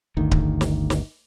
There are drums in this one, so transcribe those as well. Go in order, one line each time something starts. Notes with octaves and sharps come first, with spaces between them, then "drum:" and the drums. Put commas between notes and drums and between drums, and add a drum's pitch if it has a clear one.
G1 D2 D#3
drum: kick D1
drum: snare
drum: snare